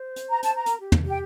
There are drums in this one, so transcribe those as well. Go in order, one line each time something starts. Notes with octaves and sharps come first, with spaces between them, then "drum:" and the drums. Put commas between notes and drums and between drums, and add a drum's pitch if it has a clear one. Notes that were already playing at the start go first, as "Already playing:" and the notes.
Already playing: C5
drum: hi-hat
A#5
A5, drum: hi-hat
A#5
A#4, drum: hi-hat
G4
drum: tom
G4
G5